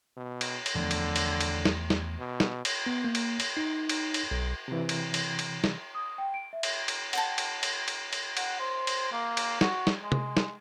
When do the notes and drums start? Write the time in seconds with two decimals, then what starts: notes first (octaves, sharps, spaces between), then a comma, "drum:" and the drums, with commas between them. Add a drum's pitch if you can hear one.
0.17 B2
0.41 drum: cymbal
0.66 drum: cymbal
0.75 E2 D3 F3 A3
0.91 drum: cymbal
1.16 drum: cymbal
1.41 drum: cymbal
1.65 drum: snare
1.90 drum: snare
2.19 B2
2.40 drum: snare
2.65 drum: cymbal
2.86 B3
3.05 A#3
3.15 drum: cymbal
3.40 drum: cymbal
3.57 D#4
3.89 drum: cymbal
4.14 drum: cymbal
4.31 B1
4.68 C3 E3
4.89 drum: cymbal
5.14 drum: cymbal
5.39 drum: cymbal
5.64 drum: snare
5.94 D#6
6.18 G5
6.34 D7
6.53 E5
6.63 drum: cymbal
6.88 drum: cymbal
7.13 F#5 G5 A5, drum: cymbal
7.38 drum: cymbal
7.63 drum: cymbal
7.88 drum: cymbal
8.13 drum: cymbal
8.37 F#5, drum: cymbal
8.59 C5
8.87 drum: cymbal
9.12 A#3
9.37 drum: cymbal
9.61 F#4, drum: snare
9.87 drum: snare
10.02 G#3
10.12 drum: tom
10.37 drum: snare